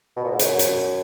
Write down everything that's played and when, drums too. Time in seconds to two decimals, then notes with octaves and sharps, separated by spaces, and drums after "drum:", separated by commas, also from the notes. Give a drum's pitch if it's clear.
0.16 B2
0.24 A#2
0.31 G#2
0.39 F#2, drum: hi-hat
0.59 drum: hi-hat